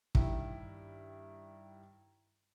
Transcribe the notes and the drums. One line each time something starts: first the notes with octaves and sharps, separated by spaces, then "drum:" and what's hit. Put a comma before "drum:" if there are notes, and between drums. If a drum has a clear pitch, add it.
G2 D#3 E4, drum: kick